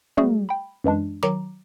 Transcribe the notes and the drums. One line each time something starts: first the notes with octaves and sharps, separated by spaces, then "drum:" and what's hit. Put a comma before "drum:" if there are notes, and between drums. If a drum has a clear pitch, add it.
G3 A3 F#4 G#4, drum: tom
G5 B5
F#2 E3 G#3 D4
D#3 F#3 A#5 D6, drum: snare